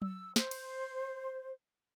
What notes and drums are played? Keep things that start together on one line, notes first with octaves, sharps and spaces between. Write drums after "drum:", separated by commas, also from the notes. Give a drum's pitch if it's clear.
E6, drum: tom F#3
C5, drum: snare
drum: cymbal